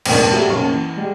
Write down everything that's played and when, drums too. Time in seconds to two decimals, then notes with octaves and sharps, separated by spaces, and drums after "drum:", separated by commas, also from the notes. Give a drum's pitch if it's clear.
0.05 F1 A#1 G#2 A#3 A#4 D5, drum: cymbal
0.31 G3 F#4 G4 A4 E5
0.47 F#1 B1 A#3 C#4 C#6
0.70 E3
0.96 G3 G#3